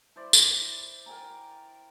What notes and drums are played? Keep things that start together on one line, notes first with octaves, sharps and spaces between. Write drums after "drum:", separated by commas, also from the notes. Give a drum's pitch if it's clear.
E4 C5 D5
drum: tambourine
A#4 G5 G#5 A#5